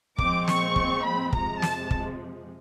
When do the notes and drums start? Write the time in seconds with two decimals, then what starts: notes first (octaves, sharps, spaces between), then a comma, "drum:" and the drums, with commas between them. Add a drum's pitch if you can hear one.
0.18 A#2 F3 G#3 C4 D6, drum: kick
0.48 C#6, drum: snare
0.76 drum: kick
1.04 B5
1.33 F2 C3 F3 G#3 A#5, drum: kick
1.62 A5, drum: snare
1.91 drum: kick